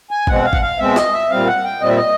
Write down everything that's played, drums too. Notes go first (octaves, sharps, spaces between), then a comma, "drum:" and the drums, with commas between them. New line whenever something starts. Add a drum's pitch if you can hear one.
G#5
B2 G#3 C4 F#5, drum: kick
F5
F#5, drum: kick
F5
B2 G#3 C4 E5
D#5, drum: snare
E5
A#2 G3 C4 F5
F#5
G5
A#2 G3 C4 D#5
E5
D#5